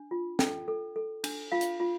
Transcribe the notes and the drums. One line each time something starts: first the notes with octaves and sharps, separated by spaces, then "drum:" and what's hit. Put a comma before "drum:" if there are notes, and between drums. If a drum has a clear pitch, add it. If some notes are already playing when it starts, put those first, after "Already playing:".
Already playing: D4
F4
A4 G5, drum: snare
A4
A4
D4, drum: cymbal
F4 F5
drum: hi-hat
F4